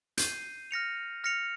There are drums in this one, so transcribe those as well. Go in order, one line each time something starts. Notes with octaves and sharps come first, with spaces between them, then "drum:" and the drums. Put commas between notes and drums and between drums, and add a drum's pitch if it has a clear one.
G6 C7 D#7, drum: hi-hat
F6 A#6 C#7 F7
F6 A#6 C#7 F7